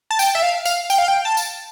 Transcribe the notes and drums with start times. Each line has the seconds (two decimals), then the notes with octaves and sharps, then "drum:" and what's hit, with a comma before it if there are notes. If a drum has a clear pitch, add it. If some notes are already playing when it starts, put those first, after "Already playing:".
0.10 A5
0.19 G5, drum: tambourine
0.35 E5
0.42 F5
0.65 F5, drum: tambourine
0.90 G5, drum: tambourine
0.98 F5
1.08 G5
1.25 A5
1.37 drum: tambourine